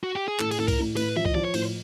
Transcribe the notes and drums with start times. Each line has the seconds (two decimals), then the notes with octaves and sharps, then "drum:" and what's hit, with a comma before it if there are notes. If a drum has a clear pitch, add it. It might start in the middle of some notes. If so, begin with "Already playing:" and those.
0.04 F#4
0.15 G4
0.28 G#4
0.40 A2 A4, drum: clap
0.51 G#4, drum: cymbal
0.59 A2 A4
0.68 A#4, drum: kick, cymbal
0.79 A2
0.97 A2 B4, drum: cymbal
1.16 F3 E5
1.26 D#5, drum: kick
1.35 F3 D5
1.45 C#5
1.54 A2 C5, drum: cymbal